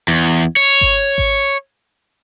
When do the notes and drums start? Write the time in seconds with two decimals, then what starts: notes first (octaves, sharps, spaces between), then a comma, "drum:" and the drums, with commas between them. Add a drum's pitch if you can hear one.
0.08 E2
0.57 C#5
0.81 drum: kick G#1
1.18 drum: kick G#1